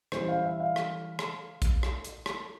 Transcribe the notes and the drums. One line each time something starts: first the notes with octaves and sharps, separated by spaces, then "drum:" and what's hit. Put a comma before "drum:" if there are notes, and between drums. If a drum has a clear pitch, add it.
E3 G3 C#4 C5, drum: rim click
F5
E5
F5
drum: rim click
drum: rim click
drum: kick A#1, hi-hat
drum: rim click
drum: hi-hat
drum: rim click